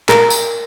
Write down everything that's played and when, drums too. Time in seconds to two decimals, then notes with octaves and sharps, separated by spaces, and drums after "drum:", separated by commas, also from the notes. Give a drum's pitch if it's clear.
0.09 A#4, drum: clap
0.30 drum: tambourine